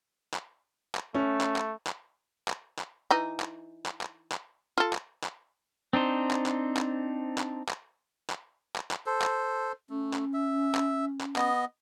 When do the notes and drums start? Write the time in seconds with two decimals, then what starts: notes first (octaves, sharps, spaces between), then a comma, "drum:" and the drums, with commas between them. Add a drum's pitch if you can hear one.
0.34 drum: clap
0.95 drum: clap
1.15 A3 C#4
1.41 drum: clap
1.56 drum: clap
1.87 drum: clap
2.48 drum: clap
2.79 drum: clap
3.11 E3 D#4
3.40 drum: clap
3.86 drum: clap
4.01 drum: clap
4.32 drum: clap
4.78 F4 A4
4.93 drum: clap
5.24 drum: clap
5.93 C4 D4 D#4 C5
6.31 drum: clap
6.46 drum: clap
6.77 drum: clap
7.38 drum: clap
7.69 drum: clap
8.30 drum: clap
8.76 drum: clap
8.91 drum: clap
9.06 A4 C5
9.22 drum: clap
9.90 A3 C#4
10.14 drum: clap
10.34 E5
10.75 drum: clap
11.21 drum: clap
11.36 B3 D#5, drum: clap